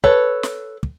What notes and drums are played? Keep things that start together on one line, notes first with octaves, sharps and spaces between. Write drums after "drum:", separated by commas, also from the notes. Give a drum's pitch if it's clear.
A4 B4 C#5, drum: kick
drum: snare
drum: kick